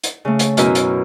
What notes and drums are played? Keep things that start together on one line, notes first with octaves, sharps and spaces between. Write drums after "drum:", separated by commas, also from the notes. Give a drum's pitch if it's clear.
drum: hi-hat
C#3 A3
drum: hi-hat
F#2 B2 C#4 E4 A#4 E5, drum: hi-hat
drum: hi-hat